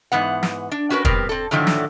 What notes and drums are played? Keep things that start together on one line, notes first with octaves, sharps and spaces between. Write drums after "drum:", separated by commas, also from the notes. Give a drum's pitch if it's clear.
G#2 E3 B3 F#5
drum: snare
D4
C#4 F#4 G#4 A#4 B4
G3 B3 C4 G4 A#4 B4, drum: kick, hi-hat
C4 A4
A2 D3 D#3 F3 F#3 A3
drum: snare